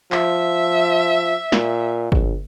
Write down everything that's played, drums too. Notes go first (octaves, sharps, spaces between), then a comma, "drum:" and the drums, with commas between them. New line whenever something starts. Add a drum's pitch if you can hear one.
F3 E5, drum: clap
A#2, drum: snare
A#1, drum: kick